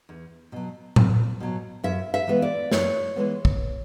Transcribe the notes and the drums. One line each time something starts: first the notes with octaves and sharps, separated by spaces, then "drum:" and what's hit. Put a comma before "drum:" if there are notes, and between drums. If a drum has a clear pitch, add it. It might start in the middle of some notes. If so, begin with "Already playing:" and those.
E2
B2 F#3
E2, drum: tom A2
B2 F#3
F#2 E5
E5
E3 G#3 B3
D5
F#2 C#5, drum: snare
E3 G#3 B3
drum: kick